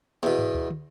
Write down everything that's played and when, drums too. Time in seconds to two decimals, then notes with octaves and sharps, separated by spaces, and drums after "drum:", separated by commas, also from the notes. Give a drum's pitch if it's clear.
0.23 E2 B2, drum: snare
0.39 drum: tom G2
0.55 drum: kick D2
0.70 drum: tom